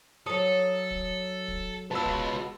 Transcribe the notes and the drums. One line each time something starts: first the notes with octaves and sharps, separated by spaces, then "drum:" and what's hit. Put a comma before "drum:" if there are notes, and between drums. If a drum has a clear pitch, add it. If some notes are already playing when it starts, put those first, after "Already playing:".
F#3 A4 C#5 D#6
drum: kick
drum: kick
G#3 F4 F#4 B4 A5 E6
drum: kick